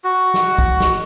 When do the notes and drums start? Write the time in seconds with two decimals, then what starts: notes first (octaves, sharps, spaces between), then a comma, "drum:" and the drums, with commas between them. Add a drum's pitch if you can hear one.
0.04 F#4
0.34 drum: snare
0.58 drum: kick
0.80 drum: snare